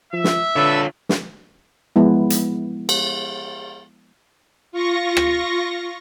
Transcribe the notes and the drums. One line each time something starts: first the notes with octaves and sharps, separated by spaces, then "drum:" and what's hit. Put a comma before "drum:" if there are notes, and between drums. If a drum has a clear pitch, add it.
F3 E5
drum: snare
D3 F4 A4 B4 C#5 E6
drum: snare
F3 G#3 B3 E4
drum: hi-hat
drum: cymbal
F4 C#6 A#6
drum: rim click